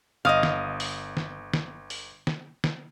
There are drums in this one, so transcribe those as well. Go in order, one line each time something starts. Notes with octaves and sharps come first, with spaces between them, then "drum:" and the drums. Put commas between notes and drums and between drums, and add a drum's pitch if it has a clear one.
G1 D#5 F5 D#6
drum: snare
drum: open hi-hat
drum: snare
drum: snare
drum: open hi-hat
drum: snare
drum: snare